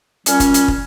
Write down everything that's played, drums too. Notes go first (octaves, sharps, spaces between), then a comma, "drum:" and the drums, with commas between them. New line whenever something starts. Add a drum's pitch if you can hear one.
A#2 G3 C#4, drum: hi-hat
drum: kick, hi-hat
drum: hi-hat
drum: kick